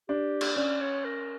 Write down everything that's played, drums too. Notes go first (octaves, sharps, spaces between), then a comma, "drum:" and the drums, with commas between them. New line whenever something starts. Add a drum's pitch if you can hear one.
D4 G4
drum: cymbal
C#4 D5
C#5
A#4